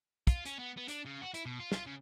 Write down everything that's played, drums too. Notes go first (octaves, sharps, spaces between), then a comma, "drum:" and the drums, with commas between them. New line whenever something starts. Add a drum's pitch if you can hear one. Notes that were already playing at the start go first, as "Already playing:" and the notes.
F4, drum: kick, hi-hat
C#4, drum: hi-hat
B3
B3
D4, drum: hi-hat
C#3
F#4
E4, drum: hi-hat
B2
F4
F4, drum: snare
C#3